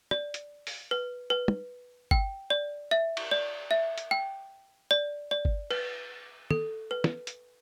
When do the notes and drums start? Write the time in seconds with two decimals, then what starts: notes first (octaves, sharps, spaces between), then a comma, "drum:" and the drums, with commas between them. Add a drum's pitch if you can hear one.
0.11 D5, drum: rim click
0.34 drum: hi-hat
0.67 drum: open hi-hat
0.91 B4
1.30 B4
1.48 drum: tom
2.11 G5, drum: kick G1
2.50 D5
2.91 E5
3.17 drum: cymbal
3.31 D5
3.71 E5
3.98 drum: hi-hat
4.11 G5
4.91 D5
5.31 D5
5.45 drum: kick G1
5.71 B4, drum: cymbal
6.51 A4, drum: tom
6.91 B4
7.04 drum: snare
7.27 drum: hi-hat